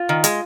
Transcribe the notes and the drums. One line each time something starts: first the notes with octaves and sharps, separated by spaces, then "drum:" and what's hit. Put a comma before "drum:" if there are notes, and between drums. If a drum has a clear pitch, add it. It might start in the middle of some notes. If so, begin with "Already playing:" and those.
Already playing: F4
D#3
G#3, drum: hi-hat